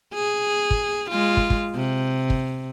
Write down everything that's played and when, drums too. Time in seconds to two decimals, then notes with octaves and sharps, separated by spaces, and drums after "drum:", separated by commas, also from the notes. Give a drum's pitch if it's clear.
0.14 G#4
0.71 drum: kick
1.10 G#3 F4
1.37 drum: kick
1.50 drum: kick
1.75 C3
2.30 drum: kick